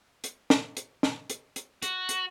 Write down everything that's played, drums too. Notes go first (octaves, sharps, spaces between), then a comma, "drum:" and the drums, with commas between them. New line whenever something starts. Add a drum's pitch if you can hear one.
drum: hi-hat
drum: snare
drum: hi-hat
drum: snare
drum: hi-hat
drum: hi-hat
F#4, drum: hi-hat
drum: hi-hat